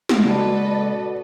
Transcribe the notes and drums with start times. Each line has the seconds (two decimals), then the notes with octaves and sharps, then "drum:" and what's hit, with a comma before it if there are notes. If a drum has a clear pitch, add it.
0.09 drum: snare
0.25 A#2 C#3 G#3 F#4 A4 B4 D5 D#5